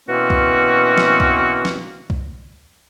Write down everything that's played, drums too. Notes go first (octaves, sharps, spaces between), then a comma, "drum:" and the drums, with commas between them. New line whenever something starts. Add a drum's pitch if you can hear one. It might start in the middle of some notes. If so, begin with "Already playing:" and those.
B2 E3 A#3 C4 C#4 F#4
drum: kick B1
drum: snare
drum: kick B1
drum: snare
drum: kick B1